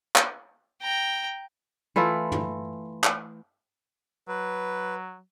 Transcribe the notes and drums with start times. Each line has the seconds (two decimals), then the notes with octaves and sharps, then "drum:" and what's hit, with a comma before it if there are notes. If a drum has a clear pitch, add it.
0.16 drum: clap
0.81 G5 A#5
1.96 E3 A3 E4 F4
2.32 drum: tom
3.04 drum: clap
4.28 F#3 B4